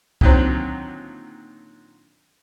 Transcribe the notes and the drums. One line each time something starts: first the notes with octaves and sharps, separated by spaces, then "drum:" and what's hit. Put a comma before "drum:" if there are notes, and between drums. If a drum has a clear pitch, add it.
A#2 D3 D#3 F#3 C4, drum: kick C2